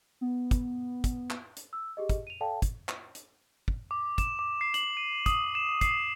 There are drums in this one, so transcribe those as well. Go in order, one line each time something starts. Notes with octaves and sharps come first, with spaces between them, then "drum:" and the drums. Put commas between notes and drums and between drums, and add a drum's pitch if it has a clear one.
B3
drum: kick, hi-hat
drum: kick, hi-hat
drum: clap
drum: hi-hat
E6
G4 G#4 D#5
drum: kick, hi-hat
D#7 F7
A4 D5 F5 G5 A5
drum: kick, hi-hat
drum: clap
drum: hi-hat
drum: kick
D6
E7, drum: kick, hi-hat
D6
C7
F#7, drum: hi-hat
D#7
D#6, drum: kick, hi-hat
E7
C7, drum: kick, hi-hat